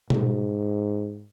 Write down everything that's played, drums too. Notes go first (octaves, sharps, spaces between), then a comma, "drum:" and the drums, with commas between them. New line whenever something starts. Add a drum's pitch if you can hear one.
G#2, drum: tom B2